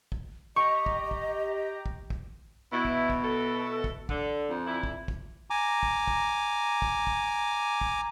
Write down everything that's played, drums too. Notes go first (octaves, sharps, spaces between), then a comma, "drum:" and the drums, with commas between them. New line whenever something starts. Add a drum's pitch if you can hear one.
drum: kick
G4 D#5 A#5 C#6
drum: kick
drum: kick
drum: kick
drum: kick
B2 E4
drum: kick
drum: kick
E4 F#4 A4
drum: kick
D3, drum: kick
F2
E3 D4 E4
drum: kick
drum: kick
G#5 A#5 D6
drum: kick
drum: kick
drum: kick
drum: kick
drum: kick